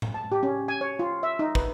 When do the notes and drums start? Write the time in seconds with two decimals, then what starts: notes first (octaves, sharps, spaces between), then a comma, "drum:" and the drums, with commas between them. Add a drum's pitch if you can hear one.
0.02 drum: tom A2
0.14 A5
0.32 G4
0.43 C#4
0.68 G#5
0.81 C#5
0.99 F4
1.23 E5
1.39 D#4
1.55 B4, drum: kick